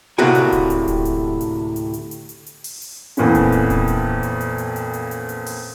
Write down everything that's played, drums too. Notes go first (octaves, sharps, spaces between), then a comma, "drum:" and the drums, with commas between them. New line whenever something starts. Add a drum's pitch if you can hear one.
D2 A2 C3 A#3 F#4 G#5
drum: hi-hat
drum: kick D1, hi-hat
drum: hi-hat
drum: kick D1, hi-hat
drum: hi-hat
drum: hi-hat
drum: hi-hat
drum: hi-hat
drum: hi-hat
drum: hi-hat
drum: hi-hat
drum: open hi-hat
drum: hi-hat
F2 A#2 E3 B3 C#4, drum: hi-hat
drum: kick D1, hi-hat
drum: hi-hat
drum: kick D1, hi-hat
drum: hi-hat
drum: hi-hat
drum: hi-hat
drum: hi-hat
drum: hi-hat
drum: hi-hat
drum: hi-hat
drum: hi-hat
drum: open hi-hat